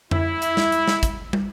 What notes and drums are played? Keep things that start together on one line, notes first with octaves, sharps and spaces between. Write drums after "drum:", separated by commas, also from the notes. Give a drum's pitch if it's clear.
E4, drum: tom F2
drum: hi-hat
drum: snare
drum: hi-hat
drum: snare
drum: kick, hi-hat
drum: tom